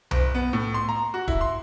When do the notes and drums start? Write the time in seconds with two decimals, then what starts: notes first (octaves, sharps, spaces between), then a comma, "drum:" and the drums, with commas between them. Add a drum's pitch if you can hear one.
0.11 F#1, drum: tom C2
0.34 B3
0.53 A2
0.74 C6
0.89 A#5
1.14 F#4
1.28 E4, drum: kick
1.41 C6